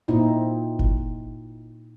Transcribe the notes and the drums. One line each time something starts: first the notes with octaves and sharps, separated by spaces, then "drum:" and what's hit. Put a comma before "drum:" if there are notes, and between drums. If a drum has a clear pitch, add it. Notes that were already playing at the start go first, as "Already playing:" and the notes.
A#2 C4 D#4 E4
drum: kick